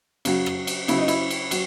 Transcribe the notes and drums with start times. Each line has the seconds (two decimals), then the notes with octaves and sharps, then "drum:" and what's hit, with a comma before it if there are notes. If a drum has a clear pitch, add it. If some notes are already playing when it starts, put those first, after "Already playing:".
0.25 C#3 F#3, drum: cymbal
0.46 drum: rim click
0.67 drum: cymbal
0.88 C#3 F#3 E4, drum: cymbal
0.98 D#4
1.08 E4, drum: cymbal
1.30 drum: cymbal
1.51 F#3, drum: cymbal